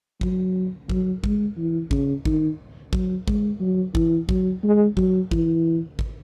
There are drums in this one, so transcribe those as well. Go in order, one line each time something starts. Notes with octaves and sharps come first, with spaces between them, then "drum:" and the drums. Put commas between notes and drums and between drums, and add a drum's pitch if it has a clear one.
F#3, drum: kick
F#3, drum: kick
G#3, drum: kick
E3
C#3, drum: kick
D#3, drum: kick
F#3, drum: kick
G#3, drum: kick
F#3
E3, drum: kick
F#3, drum: kick
G#3
F#3, drum: kick
E3, drum: kick
drum: kick